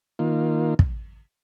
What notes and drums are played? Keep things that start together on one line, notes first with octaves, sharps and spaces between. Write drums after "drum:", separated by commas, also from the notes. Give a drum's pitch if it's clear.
D#3 A#3 F4
drum: kick